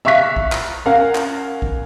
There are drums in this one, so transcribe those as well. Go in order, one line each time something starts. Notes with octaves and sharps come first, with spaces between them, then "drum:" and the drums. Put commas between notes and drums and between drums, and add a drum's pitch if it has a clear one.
E5 F5 C#6 F#6 B6
drum: kick A#1
drum: clap
C#4 A#4 F5 F#5
drum: clap
drum: kick A#1